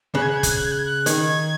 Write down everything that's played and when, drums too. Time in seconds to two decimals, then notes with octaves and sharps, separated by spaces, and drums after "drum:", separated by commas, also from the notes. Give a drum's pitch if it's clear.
0.15 C#3 F#6
0.22 G#6
0.29 F#6
0.37 G#6
0.43 F#6, drum: kick, hi-hat
0.51 G#6
0.57 F#6
0.65 G#6
0.72 F#6
0.79 G#6
0.86 F#6
1.06 D#3 G#6, drum: hi-hat